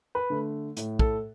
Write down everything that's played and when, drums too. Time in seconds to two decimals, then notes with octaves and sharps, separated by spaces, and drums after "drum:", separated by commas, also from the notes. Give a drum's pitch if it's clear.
0.15 B4
0.30 D3 A3
0.77 A2, drum: hi-hat
0.99 A4, drum: kick